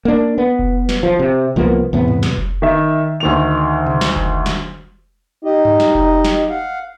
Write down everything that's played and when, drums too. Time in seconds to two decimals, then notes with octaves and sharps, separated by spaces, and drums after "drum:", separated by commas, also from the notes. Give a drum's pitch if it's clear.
0.05 A#3 D4
0.38 B3
0.59 drum: kick F1
0.89 drum: snare
1.03 F3
1.19 C3
1.56 C2 F3 A#3 B3
1.93 E2 A2 C3 B3
2.08 drum: tom G2
2.23 drum: snare
2.38 drum: kick F1
2.62 D#3 E5
3.20 D2 D#3 F7
3.86 drum: tom B2
4.01 drum: snare
4.16 drum: kick F1
4.46 drum: snare
5.45 D#4 G4 D#5
5.65 drum: tom G2
5.80 drum: snare
5.95 drum: kick F1
6.24 drum: snare
6.49 F5 F#5